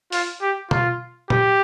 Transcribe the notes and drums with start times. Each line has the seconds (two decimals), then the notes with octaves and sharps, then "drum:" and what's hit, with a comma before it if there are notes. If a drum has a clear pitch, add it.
0.12 F4, drum: open hi-hat
0.42 G4
0.71 F4, drum: tom B2
1.30 G4, drum: tom A#2